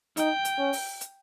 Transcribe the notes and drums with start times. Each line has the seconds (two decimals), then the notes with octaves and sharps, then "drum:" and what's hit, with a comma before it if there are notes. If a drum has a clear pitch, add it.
0.17 D#4 G5, drum: hi-hat
0.45 drum: hi-hat
0.58 C#4
0.73 drum: open hi-hat
1.01 drum: hi-hat